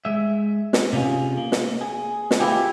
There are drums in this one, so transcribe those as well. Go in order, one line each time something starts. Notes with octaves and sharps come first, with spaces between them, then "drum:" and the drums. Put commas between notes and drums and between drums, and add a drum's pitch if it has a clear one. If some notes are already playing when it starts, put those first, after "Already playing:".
G#3 E5
drum: snare
C3 C#4 F4 G#4
A#3
drum: snare
G#4
drum: snare
E4 F4 G4 G#4